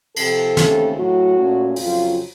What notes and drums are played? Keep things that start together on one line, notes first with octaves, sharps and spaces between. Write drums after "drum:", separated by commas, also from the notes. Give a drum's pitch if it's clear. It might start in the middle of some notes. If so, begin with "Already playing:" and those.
C3 F3 C4 A4, drum: cymbal
D#2 C#3 A3 C4, drum: snare
A2 F#3 A3 F#4
A#2 A3 C#4
F2 C#3 F#3 F4, drum: open hi-hat